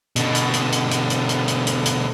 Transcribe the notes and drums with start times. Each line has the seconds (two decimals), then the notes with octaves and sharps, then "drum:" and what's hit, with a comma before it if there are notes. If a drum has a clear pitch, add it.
0.16 B2 D3, drum: hi-hat
0.35 drum: hi-hat
0.54 drum: hi-hat
0.73 drum: hi-hat
0.91 drum: hi-hat
1.10 drum: hi-hat
1.29 drum: hi-hat
1.48 drum: hi-hat
1.67 drum: hi-hat
1.86 drum: hi-hat